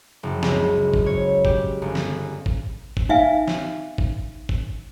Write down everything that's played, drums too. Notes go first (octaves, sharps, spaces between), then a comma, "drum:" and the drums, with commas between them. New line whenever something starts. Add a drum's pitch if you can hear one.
F#1
C#2, drum: snare
drum: kick G#1
C#5
G4, drum: kick G#1
G1
drum: snare
drum: kick G#1
drum: kick G#1
D#4 E5 F5 G#5
drum: snare
drum: kick G#1
drum: kick G#1